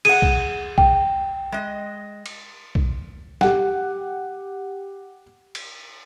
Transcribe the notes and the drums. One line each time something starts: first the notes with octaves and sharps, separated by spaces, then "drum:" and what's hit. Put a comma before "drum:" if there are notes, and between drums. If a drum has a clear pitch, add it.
G#4 F#5 D#7, drum: cymbal
drum: kick B1
G5, drum: kick B1
G#3 D#5
drum: cymbal
drum: kick B1
G4 F#5, drum: snare
drum: cymbal